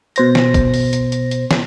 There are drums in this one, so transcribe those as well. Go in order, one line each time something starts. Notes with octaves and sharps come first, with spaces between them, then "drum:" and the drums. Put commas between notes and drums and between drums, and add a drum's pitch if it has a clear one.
B2 C5 A#6, drum: hi-hat
drum: snare
drum: kick, hi-hat
drum: open hi-hat
drum: hi-hat
drum: hi-hat
drum: hi-hat
drum: snare